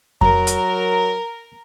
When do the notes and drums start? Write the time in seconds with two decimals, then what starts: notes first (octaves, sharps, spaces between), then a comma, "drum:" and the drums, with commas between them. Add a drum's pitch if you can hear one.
0.21 F#3 A#4 A#5, drum: kick F2
0.47 drum: hi-hat